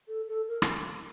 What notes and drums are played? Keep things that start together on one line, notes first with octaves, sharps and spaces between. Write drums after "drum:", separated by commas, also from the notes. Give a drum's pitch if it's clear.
A4
A4
A#4
drum: rim click